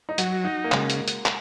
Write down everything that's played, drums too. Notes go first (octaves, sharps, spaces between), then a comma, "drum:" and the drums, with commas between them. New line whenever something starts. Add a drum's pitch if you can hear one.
D#4
F#3 F#4, drum: hi-hat
D#4 F#4
A#3
C#3 G#3, drum: clap
drum: hi-hat
drum: hi-hat
drum: clap